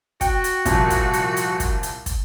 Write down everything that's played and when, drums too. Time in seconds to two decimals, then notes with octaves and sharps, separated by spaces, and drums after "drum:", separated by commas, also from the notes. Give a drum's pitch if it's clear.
0.21 F#4 G5, drum: kick, hi-hat
0.44 drum: hi-hat
0.65 C2 F2 A#2, drum: kick, hi-hat
0.90 drum: kick, hi-hat
1.13 drum: hi-hat
1.37 drum: hi-hat
1.60 drum: kick, hi-hat
1.83 drum: hi-hat
2.06 drum: kick, hi-hat